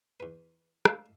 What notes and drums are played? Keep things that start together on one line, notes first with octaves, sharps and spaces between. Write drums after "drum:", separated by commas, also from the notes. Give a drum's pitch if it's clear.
E2 B4
G#3 A3 D4 E5 F5, drum: rim click